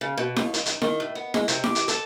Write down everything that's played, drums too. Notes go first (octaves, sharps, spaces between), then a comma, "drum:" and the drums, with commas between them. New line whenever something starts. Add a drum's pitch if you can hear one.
C#3
B2
D#2, drum: snare E4
D#4, drum: hi-hat
drum: hi-hat
D#3, drum: snare E4
A2
B3
G#3, drum: snare E4
C3, drum: hi-hat
G4, drum: snare E4
drum: hi-hat
A4, drum: hi-hat